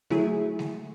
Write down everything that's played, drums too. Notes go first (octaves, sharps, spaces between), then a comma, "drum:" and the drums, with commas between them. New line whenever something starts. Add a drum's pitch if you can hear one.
F#3 A3 E4 G#4, drum: snare G#3
drum: snare G#3